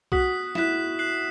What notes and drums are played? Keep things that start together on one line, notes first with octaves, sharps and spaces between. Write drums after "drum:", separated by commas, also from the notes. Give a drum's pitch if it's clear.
F#4 D#6 F#6 B6, drum: kick B1
E4 F#6 B6 E7, drum: snare
F#6 C7 F#7